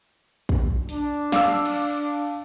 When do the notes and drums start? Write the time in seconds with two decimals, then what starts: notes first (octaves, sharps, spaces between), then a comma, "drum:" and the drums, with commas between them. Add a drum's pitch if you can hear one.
0.49 drum: kick
0.89 D4, drum: open hi-hat
1.32 F5 D6 E6, drum: snare
1.65 drum: cymbal